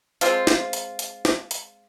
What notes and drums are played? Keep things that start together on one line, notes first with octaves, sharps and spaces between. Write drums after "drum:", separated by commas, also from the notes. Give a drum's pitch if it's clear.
G#3 C4 F4, drum: hi-hat
drum: snare
drum: hi-hat
drum: hi-hat
drum: snare
drum: hi-hat